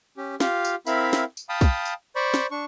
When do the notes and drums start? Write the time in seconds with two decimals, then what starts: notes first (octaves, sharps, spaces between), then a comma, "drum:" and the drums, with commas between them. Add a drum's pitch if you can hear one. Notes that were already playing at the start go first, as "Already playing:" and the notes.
0.17 C#4 G4
0.40 F4 G4 F5, drum: snare
0.65 drum: tambourine
0.87 C4 E4 A#4 E5 F5 B5, drum: tambourine
1.13 drum: snare
1.37 drum: tambourine
1.49 F5 G5 A5 B5 D#6
1.61 drum: kick, tambourine
1.85 drum: tambourine
2.16 C5 D5 B5 C#6
2.34 drum: snare
2.51 D4 C#6